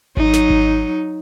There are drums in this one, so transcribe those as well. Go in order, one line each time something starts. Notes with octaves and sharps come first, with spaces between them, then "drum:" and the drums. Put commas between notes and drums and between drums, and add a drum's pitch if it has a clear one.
F#3 D#4, drum: kick G#1
drum: snare
drum: kick G#1